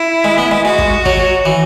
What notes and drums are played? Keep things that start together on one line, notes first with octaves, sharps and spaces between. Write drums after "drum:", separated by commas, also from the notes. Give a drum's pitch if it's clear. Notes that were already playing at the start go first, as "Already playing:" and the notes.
Already playing: E4
G#3
B3
G#3
G#3 F#4
drum: kick
F#3, drum: kick
E3